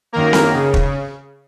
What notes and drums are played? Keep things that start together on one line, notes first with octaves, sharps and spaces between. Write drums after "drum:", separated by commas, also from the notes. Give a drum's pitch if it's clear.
F#2 D#3 A#3 A#4
drum: snare C4
C#3
drum: kick